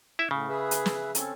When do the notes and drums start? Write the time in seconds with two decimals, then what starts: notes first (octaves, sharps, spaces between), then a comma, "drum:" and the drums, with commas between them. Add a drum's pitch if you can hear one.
0.19 E4 E5
0.31 A2 C#3
0.49 G#4 B4 E5
0.71 drum: hi-hat
0.86 drum: snare
1.15 C4 C#4 A4, drum: hi-hat